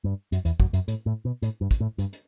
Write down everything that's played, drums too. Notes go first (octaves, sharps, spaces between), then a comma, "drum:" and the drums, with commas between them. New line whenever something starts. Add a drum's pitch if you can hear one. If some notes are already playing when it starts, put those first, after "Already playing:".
G2
F#2, drum: hi-hat
E2, drum: hi-hat
F#2, drum: kick
F#2, drum: hi-hat
A2, drum: hi-hat
A2
B2
A2, drum: hi-hat
G2
drum: kick, hi-hat
A2
G2, drum: hi-hat
drum: hi-hat